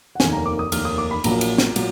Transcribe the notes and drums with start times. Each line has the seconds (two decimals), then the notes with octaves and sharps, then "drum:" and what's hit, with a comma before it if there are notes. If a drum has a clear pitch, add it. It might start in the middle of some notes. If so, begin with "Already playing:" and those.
0.15 F#5
0.20 F1 D#2 D#3 A#3 G#5, drum: snare
0.33 A#5
0.46 D6
0.59 D#6
0.72 F1 D#2 D#3 A#3 F6, drum: cymbal
0.85 D#6
0.98 D6
1.11 B5
1.24 A#1 A#2 F#3 A#3 A#5, drum: cymbal
1.41 drum: cymbal
1.58 drum: snare
1.76 A#2 F#3, drum: cymbal